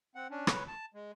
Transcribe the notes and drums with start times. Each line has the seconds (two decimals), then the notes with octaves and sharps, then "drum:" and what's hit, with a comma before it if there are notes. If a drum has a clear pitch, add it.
0.15 C4 F#5
0.31 C#4 D4
0.47 B4 C#5, drum: rim click
0.68 A5
0.94 G#3